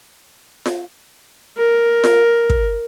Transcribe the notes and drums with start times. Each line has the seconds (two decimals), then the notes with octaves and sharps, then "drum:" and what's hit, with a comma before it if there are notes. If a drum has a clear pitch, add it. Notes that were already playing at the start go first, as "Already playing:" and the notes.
0.66 drum: snare F4
1.58 A#4
2.04 drum: snare F4
2.50 drum: kick